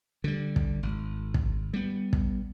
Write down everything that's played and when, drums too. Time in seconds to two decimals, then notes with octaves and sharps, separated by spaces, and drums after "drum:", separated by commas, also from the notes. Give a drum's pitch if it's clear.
0.24 D3 G3
0.56 drum: kick
0.83 G#1
1.34 drum: kick
1.74 G3 B3
2.13 drum: kick